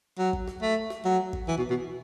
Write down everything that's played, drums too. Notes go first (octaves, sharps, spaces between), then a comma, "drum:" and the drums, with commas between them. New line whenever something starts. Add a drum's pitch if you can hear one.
F#3
drum: kick
drum: snare
A3
drum: snare
F#3
drum: kick
E3
B2
B2